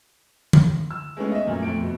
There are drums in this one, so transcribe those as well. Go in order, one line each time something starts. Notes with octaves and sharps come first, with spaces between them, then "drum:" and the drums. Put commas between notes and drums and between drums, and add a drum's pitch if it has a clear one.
drum: tom D3
E6
G#3 A3 B3 C#4
D#5 E5
F#2 A#2 A3
F2 A3 D7
B2